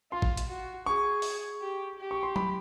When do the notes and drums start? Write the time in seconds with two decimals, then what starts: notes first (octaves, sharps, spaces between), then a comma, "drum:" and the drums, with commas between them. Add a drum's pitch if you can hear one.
0.12 F4 C6
0.22 drum: kick G#1
0.37 drum: hi-hat
0.49 F#4
0.86 G#4 C#6
1.22 drum: open hi-hat
1.61 G4
1.98 G4
2.11 C#6
2.23 C6
2.36 B5, drum: tom F#3